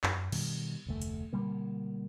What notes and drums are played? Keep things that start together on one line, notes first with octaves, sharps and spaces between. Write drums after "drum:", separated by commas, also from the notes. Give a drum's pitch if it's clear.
F#2, drum: clap
B2 D#3 G3, drum: cymbal
F1 D2 A3
drum: hi-hat
B2 D3 G3 A#3